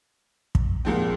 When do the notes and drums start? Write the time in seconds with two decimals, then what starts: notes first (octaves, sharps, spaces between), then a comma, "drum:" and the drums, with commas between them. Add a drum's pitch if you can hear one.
0.55 drum: kick
0.85 C2 A#2 F3 G#3 C4